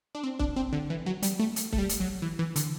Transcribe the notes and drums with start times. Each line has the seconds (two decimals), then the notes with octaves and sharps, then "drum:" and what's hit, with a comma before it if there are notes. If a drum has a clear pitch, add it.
0.15 D4
0.24 C4
0.39 D4, drum: kick C#1
0.56 C4
0.73 D3
0.90 E3
1.06 F#3
1.22 G3, drum: hi-hat
1.39 A3
1.56 drum: hi-hat
1.72 A3, drum: kick C#1
1.78 G3
1.89 drum: hi-hat
2.00 F#3
2.22 E3
2.39 E3
2.56 D3, drum: hi-hat